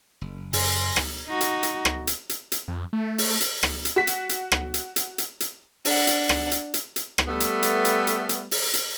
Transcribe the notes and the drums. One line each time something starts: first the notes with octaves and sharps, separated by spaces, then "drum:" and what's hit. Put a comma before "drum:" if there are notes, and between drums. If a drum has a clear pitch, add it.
F#1
F#2 G#5 C6 A#6, drum: open hi-hat
drum: rim click
D#4 F#4
drum: hi-hat
drum: hi-hat
drum: rim click
drum: hi-hat
drum: hi-hat
drum: hi-hat
F2
A3
drum: open hi-hat
drum: hi-hat
drum: rim click
drum: hi-hat
F#4 B6
drum: hi-hat
drum: hi-hat
drum: rim click
drum: hi-hat
drum: hi-hat
drum: hi-hat
drum: hi-hat
D4 F#5, drum: open hi-hat
drum: hi-hat
drum: rim click
drum: hi-hat
drum: hi-hat
drum: hi-hat
drum: rim click
G3 A3 B3
drum: hi-hat
drum: hi-hat
drum: hi-hat
drum: hi-hat
drum: hi-hat
drum: open hi-hat
drum: hi-hat